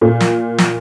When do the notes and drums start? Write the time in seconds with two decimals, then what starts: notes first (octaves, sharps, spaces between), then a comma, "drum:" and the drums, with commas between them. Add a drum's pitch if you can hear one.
0.01 A#2
0.20 drum: snare
0.58 drum: snare